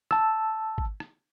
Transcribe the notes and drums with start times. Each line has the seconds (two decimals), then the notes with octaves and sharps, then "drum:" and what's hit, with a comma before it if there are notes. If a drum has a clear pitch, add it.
0.11 A5 E6, drum: rim click
0.78 drum: kick G#1
1.00 drum: rim click